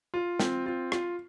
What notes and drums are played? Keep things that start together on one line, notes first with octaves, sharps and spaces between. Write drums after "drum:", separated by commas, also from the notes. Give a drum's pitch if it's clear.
F4
C4, drum: snare
F4
F4, drum: rim click